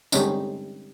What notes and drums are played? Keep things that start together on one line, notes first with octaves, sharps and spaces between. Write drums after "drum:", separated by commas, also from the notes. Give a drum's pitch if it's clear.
D3 G3 G#3 C4 C#4 D#4, drum: tambourine